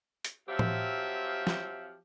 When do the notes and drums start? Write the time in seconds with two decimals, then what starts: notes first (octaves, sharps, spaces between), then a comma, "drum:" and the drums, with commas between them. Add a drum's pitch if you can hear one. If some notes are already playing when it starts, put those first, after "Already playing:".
0.25 drum: hi-hat
0.49 F3 F#3 C4 G4 E5 F5
0.59 drum: tom
1.47 drum: snare